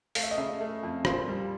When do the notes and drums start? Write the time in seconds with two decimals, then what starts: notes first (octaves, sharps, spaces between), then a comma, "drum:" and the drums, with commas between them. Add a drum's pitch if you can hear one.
0.15 A3 F5, drum: open hi-hat
0.23 E5
0.31 D#5
0.38 C#3 E5
0.61 A3
0.83 F2
1.05 A#2 C5, drum: rim click
1.28 G3